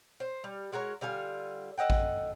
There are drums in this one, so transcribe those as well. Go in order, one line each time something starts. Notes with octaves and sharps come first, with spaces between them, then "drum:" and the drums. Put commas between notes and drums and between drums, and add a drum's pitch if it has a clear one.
C5
G3
G#3 F#4 A#4 C#5
D3 G3 F4 G#5
A4 D#5 F#5 G5
drum: kick A1